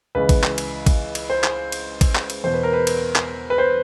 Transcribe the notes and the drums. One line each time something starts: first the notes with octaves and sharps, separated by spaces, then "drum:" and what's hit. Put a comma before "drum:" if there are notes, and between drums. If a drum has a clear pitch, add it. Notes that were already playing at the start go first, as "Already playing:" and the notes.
C#2 C#3 E3 B4
drum: kick A1, cymbal
drum: clap
drum: cymbal
drum: kick A1, cymbal
drum: cymbal
C5
drum: clap
drum: cymbal
drum: kick A1, cymbal
drum: clap
drum: cymbal
E2 B2 C5
B4
A#4
B4
drum: cymbal
drum: clap
B4
C5